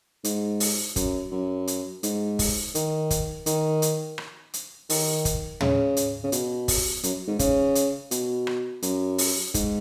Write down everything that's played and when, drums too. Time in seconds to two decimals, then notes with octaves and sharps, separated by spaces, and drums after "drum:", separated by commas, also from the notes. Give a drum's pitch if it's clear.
0.24 G#2, drum: hi-hat
0.60 drum: open hi-hat
0.96 F#2, drum: kick, hi-hat
1.32 F#2
1.67 drum: hi-hat
2.03 G#2, drum: hi-hat
2.39 drum: kick, open hi-hat
2.75 D#3, drum: hi-hat
3.10 drum: kick, hi-hat
3.46 D#3, drum: hi-hat
3.82 drum: hi-hat
4.18 drum: rim click
4.54 drum: hi-hat
4.90 D#3, drum: open hi-hat
5.25 drum: kick, hi-hat
5.61 C#3, drum: tom
5.97 drum: hi-hat
6.24 C#3
6.32 B2, drum: hi-hat
6.68 drum: kick, open hi-hat
7.03 F#2, drum: hi-hat
7.28 G#2
7.39 C#3, drum: kick, hi-hat
7.75 drum: hi-hat
8.11 B2, drum: hi-hat
8.47 drum: rim click
8.82 F#2, drum: hi-hat
9.18 drum: open hi-hat
9.54 G#2, drum: kick, hi-hat